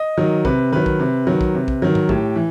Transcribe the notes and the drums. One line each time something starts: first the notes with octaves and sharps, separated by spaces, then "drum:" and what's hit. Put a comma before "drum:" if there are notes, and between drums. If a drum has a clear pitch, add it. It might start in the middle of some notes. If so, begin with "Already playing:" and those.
Already playing: D#5
D#3 F#3
C3 B4, drum: kick
D#3 F#3 B4
drum: kick
C3
D#3 F#3
drum: kick
C3
drum: kick
D#3 F#3
drum: tom G#2
A2 G4, drum: kick
E3